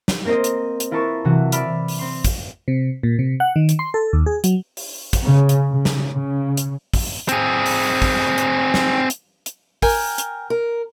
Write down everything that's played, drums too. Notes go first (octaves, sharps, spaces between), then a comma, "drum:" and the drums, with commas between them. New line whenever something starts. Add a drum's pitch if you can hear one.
drum: snare
A#3 C4 A#4 C5 D#5
drum: hi-hat
drum: hi-hat
E4 F4 A#4 B4 A5 C#6
C3 E3 F#3 F#4
D5 E5 B5 F6, drum: hi-hat
drum: open hi-hat
C4 C6
drum: kick, hi-hat
C3
A#2
C3
F#5
D#3
drum: hi-hat
C6
A4
D#2
G#4
F#3, drum: hi-hat
drum: open hi-hat
drum: kick, hi-hat
C#3
drum: hi-hat
C#3
drum: snare
C#3
drum: hi-hat
drum: kick, open hi-hat
C4 G#4, drum: hi-hat
drum: open hi-hat
drum: kick
drum: hi-hat
drum: snare
drum: hi-hat
drum: hi-hat
A#4 G5 G#5, drum: kick, open hi-hat
drum: hi-hat
A#4